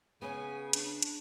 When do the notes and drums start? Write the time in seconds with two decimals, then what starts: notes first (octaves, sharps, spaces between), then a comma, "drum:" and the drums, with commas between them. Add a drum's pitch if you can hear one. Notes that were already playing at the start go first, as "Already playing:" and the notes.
0.22 C#3 B3 C#4 G#5
0.73 D4, drum: hi-hat
1.02 drum: hi-hat